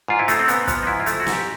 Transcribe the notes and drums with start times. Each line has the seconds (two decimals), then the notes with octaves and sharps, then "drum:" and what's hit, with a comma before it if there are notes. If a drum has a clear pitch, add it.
0.08 G#2 F4
0.19 E4
0.28 A3 D#4, drum: hi-hat
0.39 C4
0.48 G#2 B3, drum: hi-hat
0.67 F3 B3, drum: kick, hi-hat
0.83 D#4
0.87 G#2 E4
1.00 F4
1.06 A3 E4, drum: hi-hat
1.20 F#4
1.27 G#2, drum: snare
1.33 G4